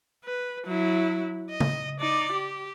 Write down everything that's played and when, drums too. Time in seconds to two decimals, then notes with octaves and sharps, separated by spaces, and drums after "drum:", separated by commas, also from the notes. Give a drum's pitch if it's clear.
0.24 B4
0.66 F#3 E4
1.49 D#5
1.60 drum: tom
2.00 D#4 D5
2.32 G4